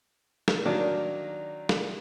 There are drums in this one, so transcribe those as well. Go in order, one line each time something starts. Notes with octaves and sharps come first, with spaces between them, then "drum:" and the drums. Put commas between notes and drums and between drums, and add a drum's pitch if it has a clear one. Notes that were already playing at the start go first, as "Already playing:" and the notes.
drum: snare
D#3 F#3 A#3 D4
drum: snare